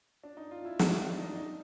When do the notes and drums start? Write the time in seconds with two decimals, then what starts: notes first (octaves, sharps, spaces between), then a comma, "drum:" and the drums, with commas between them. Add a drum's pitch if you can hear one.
0.24 D4
0.37 D#4
0.51 F4
0.65 E4
0.79 D#4, drum: snare
0.98 D4
1.17 D#4
1.26 D4
1.36 D#4